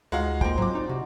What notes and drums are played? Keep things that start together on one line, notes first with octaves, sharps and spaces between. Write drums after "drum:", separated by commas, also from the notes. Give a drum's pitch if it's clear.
D2 G#3 D#4 F4 F#4 G#4 F5
A#3 D#4 C5 D#5 G5, drum: kick
F#3 C4 F#4 G#5 A#5 D6, drum: tom
D#4 F#4 D5
C3 F#4